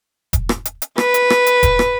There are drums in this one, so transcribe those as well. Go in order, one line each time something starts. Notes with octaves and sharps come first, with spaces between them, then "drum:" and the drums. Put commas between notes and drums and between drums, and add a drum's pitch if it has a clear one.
drum: kick E1, hi-hat
drum: rim click
drum: hi-hat
drum: hi-hat
B4, drum: rim click
drum: hi-hat
drum: rim click
drum: hi-hat
drum: kick E1, hi-hat
drum: rim click